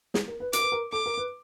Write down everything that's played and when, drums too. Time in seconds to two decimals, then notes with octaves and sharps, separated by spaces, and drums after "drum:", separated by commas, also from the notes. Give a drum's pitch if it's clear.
0.14 G#4, drum: snare
0.28 A#4
0.40 B4
0.53 A#4 D6, drum: hi-hat
0.62 B4
0.72 A#4
0.92 A4 D6
1.06 A#4
1.17 B4